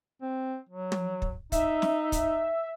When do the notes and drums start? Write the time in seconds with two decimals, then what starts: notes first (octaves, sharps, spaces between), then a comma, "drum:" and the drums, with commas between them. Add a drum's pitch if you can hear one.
0.21 C4
0.69 F#3
0.92 drum: tom
1.22 drum: kick
1.52 D#4 E5, drum: kick, hi-hat
1.82 drum: snare
2.12 drum: kick, hi-hat